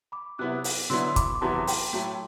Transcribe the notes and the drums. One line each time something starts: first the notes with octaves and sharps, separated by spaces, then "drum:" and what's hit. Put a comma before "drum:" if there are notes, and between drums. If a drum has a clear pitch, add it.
B5 D6
C3 F#3 B3 E4 D6 F#6
drum: open hi-hat
D3 F#3 B3 E4 C6 E6
C6
B5 D6, drum: kick, hi-hat
D6
E2 C3 F#3 B3 E4 A5 C6
C6
G5 B5, drum: open hi-hat
A2 F#3 A3